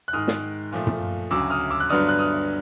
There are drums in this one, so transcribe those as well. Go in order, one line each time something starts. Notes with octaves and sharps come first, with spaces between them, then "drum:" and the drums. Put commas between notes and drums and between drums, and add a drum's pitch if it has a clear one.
F#6
G#2 D#3 G#3 D#6 F6
drum: snare
A#2 F3 A3
drum: tom
D2 C#3 F#3 D6 E6
D#6 F6
D6 E6
F#6
G2 D3 F#3 B3 D4 D#6 F6
F#6
D#6 F6